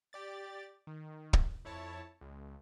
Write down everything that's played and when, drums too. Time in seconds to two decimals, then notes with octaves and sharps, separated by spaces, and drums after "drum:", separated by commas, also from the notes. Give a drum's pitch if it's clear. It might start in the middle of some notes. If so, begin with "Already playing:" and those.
0.13 G4 D5 A6
0.87 D#3
1.33 drum: kick
1.65 F2 E4 C#5 A5
2.21 C#2